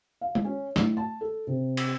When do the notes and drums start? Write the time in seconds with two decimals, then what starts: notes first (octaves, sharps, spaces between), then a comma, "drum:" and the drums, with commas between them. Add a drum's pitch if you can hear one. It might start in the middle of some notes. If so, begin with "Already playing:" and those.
0.21 F5
0.35 drum: tom G#3
0.44 C#4
0.76 A2, drum: snare
0.97 A5
1.21 A4
1.47 C3
1.77 drum: cymbal